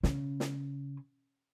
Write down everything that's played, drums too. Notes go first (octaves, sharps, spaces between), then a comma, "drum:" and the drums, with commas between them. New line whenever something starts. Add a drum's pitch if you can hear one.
C#3, drum: snare
drum: snare